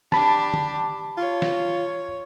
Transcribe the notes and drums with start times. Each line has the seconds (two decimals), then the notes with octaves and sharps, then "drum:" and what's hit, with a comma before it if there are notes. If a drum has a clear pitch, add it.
0.12 D4 G4 A5 B5, drum: snare
0.54 drum: tom D3
1.18 F4 C#5
1.42 drum: snare